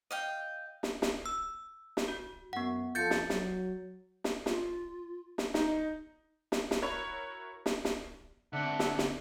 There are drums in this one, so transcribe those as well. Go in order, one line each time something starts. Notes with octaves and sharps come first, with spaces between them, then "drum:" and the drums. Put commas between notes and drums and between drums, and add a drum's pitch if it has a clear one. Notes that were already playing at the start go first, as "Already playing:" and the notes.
D#5 F5 G5
drum: snare
drum: snare
E6
drum: snare
F#4
F#2 B3 F#5
F2 F4 A4 G6 A6 C#7
drum: snare
F#3, drum: snare
drum: snare
F4, drum: snare
drum: snare
D#4 D#5, drum: snare
drum: snare
drum: snare
E4 F#4 A#4 C#5 B5 C#6
drum: snare
drum: snare
D3 C4 D4 E5 F#5
drum: snare
drum: snare